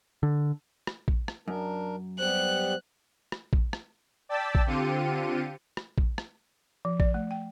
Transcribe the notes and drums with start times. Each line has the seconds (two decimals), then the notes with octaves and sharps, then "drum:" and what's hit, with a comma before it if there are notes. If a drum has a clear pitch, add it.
0.23 D3
0.87 drum: rim click
1.08 drum: kick
1.28 drum: rim click
1.48 F#2 D4 A#4
2.19 G3 B3 G4 C5 F#6
3.32 drum: rim click
3.53 drum: kick
3.73 drum: rim click
4.29 D5 G5 A5 E6 A6 B6
4.55 drum: kick
4.67 D3 C4 F4 G4 C#7 D#7
5.77 drum: rim click
5.98 drum: kick
6.18 drum: rim click
6.85 F3
7.00 D5, drum: kick
7.14 A3
7.31 G5